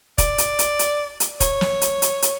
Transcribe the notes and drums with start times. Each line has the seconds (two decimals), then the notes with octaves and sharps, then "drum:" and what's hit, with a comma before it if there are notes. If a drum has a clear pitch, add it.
0.18 D5, drum: kick, hi-hat
0.38 drum: hi-hat
0.59 drum: hi-hat
0.79 drum: hi-hat
1.20 drum: hi-hat
1.40 C#5, drum: kick, hi-hat
1.61 drum: snare
1.81 drum: hi-hat
2.02 drum: hi-hat
2.22 drum: hi-hat